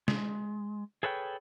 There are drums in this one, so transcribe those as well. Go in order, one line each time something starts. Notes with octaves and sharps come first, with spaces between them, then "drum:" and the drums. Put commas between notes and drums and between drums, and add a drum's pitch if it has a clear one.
G#3, drum: snare
G#4 A4 B4 C#5 F#5 G5